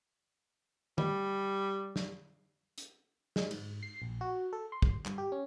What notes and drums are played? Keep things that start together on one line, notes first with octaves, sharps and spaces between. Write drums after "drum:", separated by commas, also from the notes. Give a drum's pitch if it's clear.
G3, drum: tom D#3
drum: snare
drum: hi-hat
G#3, drum: snare
G#2, drum: cymbal
C7
A#1
F#4
A4
C6
drum: kick
G2, drum: clap
G4
C#4